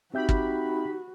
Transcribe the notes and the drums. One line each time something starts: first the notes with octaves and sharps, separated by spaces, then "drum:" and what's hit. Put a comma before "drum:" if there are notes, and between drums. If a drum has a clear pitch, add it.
C4 D#4 F#4 G4 E5 B5 G6
drum: kick